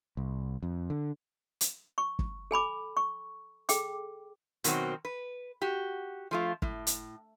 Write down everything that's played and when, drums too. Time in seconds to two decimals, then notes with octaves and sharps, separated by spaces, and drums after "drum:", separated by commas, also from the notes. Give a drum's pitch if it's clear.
0.17 C2
0.63 F2
0.90 D3
1.61 drum: hi-hat
1.98 C#6
2.19 drum: kick
2.51 A4 G#5 B5 D6
2.97 C#6
3.69 G#4 A4 G5 D6, drum: hi-hat
4.64 B2 D#3 F#3 A#3 C4 F#4, drum: hi-hat
5.05 B4
5.62 F#4 G4
6.31 F3 A3 F4
6.62 A2, drum: kick
6.87 drum: hi-hat